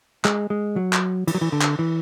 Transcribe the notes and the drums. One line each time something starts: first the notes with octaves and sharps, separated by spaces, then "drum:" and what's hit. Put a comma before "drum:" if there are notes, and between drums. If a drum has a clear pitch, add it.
G#3, drum: clap
G#3
F#3
drum: clap
E3, drum: cymbal
F#3
E3
D3
drum: clap
E3